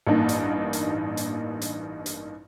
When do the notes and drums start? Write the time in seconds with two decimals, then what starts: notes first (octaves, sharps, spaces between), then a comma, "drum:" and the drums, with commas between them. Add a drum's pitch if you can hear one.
0.07 A1 G2 A#3 D4 D#4
0.29 drum: hi-hat
0.73 drum: hi-hat
1.17 drum: hi-hat
1.62 drum: hi-hat
2.06 drum: hi-hat